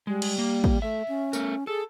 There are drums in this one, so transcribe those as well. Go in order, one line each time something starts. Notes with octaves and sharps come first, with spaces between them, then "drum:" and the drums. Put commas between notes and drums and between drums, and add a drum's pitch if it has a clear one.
G3 G#3
drum: cymbal
A#3
drum: kick
A3 E5
C#4
A3 A#4, drum: tambourine
G#4 A4